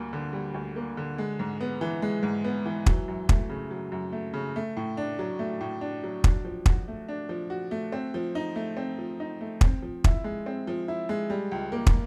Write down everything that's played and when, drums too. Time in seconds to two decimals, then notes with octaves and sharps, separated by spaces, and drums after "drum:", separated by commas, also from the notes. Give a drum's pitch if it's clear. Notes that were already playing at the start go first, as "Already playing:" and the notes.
Already playing: D2 G3 A#3
0.13 D3
0.33 G3
0.54 D2
0.76 A#3
0.97 D3
1.18 G#3
1.39 G#2
1.61 B3
1.81 E3
2.02 G#3
2.23 G#2
2.44 B3
2.66 E3
2.86 F#3, drum: kick
3.08 F#2
3.29 A3, drum: kick
3.50 C#3
3.71 F#3
3.92 F#2
4.12 A3
4.34 C#3
4.56 A3
4.77 A2
4.97 D4
5.19 F#3
5.39 A3
5.61 A2
5.81 D4
6.04 F#3
6.24 D4, drum: kick
6.45 F3
6.66 F#4, drum: kick
6.88 A3
7.09 D4
7.29 F3
7.50 F#4
7.71 A3
7.92 C4
8.14 F3
8.35 D#4
8.56 A3
8.77 C4
8.98 F3
9.20 D#4
9.41 A3
9.61 C4, drum: kick
9.82 F3
10.04 E4, drum: kick
10.24 G#3
10.46 C4
10.67 F3
10.88 E4
11.09 G#3
11.30 G3
11.52 C#2
11.72 A#3
11.87 drum: kick